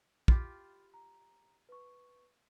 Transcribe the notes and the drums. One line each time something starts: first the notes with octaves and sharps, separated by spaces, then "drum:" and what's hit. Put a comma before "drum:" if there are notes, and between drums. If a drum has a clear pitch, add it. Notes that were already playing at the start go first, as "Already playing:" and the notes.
F4 G4 B5 F6 A6, drum: kick
A#5
B4 C#6